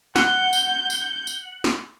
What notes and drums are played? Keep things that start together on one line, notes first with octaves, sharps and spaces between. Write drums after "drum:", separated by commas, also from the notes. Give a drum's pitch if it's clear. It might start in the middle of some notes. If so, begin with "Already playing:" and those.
F#5 G6, drum: snare
drum: tambourine
drum: tambourine
drum: tambourine
drum: snare